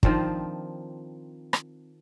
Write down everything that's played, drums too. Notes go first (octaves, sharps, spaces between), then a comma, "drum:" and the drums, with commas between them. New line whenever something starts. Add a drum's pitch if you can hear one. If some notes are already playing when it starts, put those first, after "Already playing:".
D#3 F3 C4 D4, drum: kick
drum: rim click